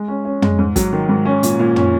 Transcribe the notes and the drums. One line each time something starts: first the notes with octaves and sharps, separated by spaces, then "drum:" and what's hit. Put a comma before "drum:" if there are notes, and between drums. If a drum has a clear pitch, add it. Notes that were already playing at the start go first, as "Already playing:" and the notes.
Already playing: G#3
C#4
C#4
G#3, drum: tom
G#2
F#3, drum: kick, hi-hat
D#3
G#2
C#4
A#2, drum: hi-hat
A#2
C#4, drum: tom